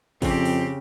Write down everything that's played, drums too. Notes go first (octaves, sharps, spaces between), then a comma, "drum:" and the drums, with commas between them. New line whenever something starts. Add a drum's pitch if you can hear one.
F2 C#3 C4 C#4 G4, drum: kick, open hi-hat
drum: open hi-hat